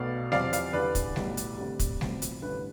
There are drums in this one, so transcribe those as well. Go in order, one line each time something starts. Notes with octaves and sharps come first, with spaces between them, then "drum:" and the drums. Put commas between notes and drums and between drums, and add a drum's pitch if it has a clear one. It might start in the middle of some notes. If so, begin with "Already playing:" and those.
Already playing: B1 B2 A3 D5 F5
E2 C3 F3 D5 F5, drum: snare G3
D5 F5, drum: hi-hat
E2 D3 G3 B4 D5
drum: kick, hi-hat
B1 A2 G3 B3, drum: snare G3
drum: hi-hat
D2 C3 G3
drum: kick, hi-hat
B1 A2 F3 C4, drum: snare G3
drum: hi-hat
A1 G2 D3 B4